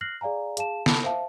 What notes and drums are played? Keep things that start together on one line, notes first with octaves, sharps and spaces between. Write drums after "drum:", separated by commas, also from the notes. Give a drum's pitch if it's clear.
F6 F#6 A#6 C7 F#7
G#4 D5 F5 G#5 A#5
G#4 F5 A5 E7, drum: hi-hat
A5 B5, drum: snare
C5 E5 F5 A5